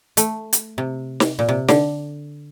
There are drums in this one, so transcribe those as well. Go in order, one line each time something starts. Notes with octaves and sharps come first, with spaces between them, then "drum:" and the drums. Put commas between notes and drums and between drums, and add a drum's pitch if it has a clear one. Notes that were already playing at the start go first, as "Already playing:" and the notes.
A3, drum: hi-hat
drum: hi-hat
C3
drum: snare
A#2
C3
D3, drum: snare